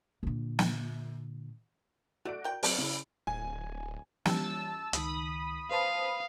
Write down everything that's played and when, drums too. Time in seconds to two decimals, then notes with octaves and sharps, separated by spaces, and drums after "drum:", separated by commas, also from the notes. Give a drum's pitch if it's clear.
0.23 A#2 D3
0.59 drum: snare
2.25 A3 F#4 D5 D7
2.44 A#4 G5
2.63 F#3 C4 B4, drum: open hi-hat
2.78 C#3 E4 B5
3.27 D1 G#5
4.25 E3 G3 C#4 A5 E6, drum: snare
4.93 C#2 D#3 B5 D#6, drum: hi-hat
5.71 B4 C5 F5 A5